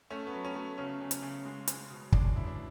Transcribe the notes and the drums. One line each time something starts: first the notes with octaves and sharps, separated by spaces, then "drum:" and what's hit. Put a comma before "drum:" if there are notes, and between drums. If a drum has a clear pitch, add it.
A3 C#4
B3
F#3
C#4
A3
C#3 C#4
C#3
drum: hi-hat
C#3
G#3
G#3, drum: hi-hat
B2
G#3 D4, drum: kick
B2 E4
D4